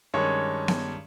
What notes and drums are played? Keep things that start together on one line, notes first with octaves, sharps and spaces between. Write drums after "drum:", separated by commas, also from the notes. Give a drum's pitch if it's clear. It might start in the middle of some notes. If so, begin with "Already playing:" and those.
G2 D#3 G#3 C#4 C#5
drum: snare B3